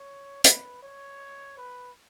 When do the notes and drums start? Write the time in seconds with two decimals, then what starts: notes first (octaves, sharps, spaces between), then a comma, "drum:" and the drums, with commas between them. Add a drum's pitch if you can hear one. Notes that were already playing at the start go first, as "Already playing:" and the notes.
Already playing: C#5
0.44 B4, drum: hi-hat
0.83 C#5
1.58 B4